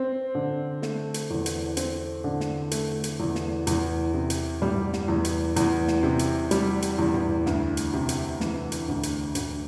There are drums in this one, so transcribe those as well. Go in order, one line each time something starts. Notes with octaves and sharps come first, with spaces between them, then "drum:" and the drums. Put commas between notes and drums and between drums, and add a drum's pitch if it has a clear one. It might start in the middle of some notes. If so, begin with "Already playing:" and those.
Already playing: C4
D3
A3, drum: snare
drum: hi-hat
E2
drum: hi-hat
C4, drum: hi-hat
D3
drum: snare
A3, drum: hi-hat
drum: hi-hat
E2
drum: snare
E2, drum: hi-hat
C3
drum: hi-hat
G3, drum: tom G2
drum: snare
E2
drum: hi-hat
E2, drum: hi-hat
drum: snare
C3
drum: hi-hat
G3, drum: hi-hat
drum: hi-hat
E2
drum: tom G2
D2, drum: snare
drum: hi-hat
C3
drum: hi-hat
E3, drum: snare
drum: hi-hat
D2
drum: hi-hat
D2, drum: hi-hat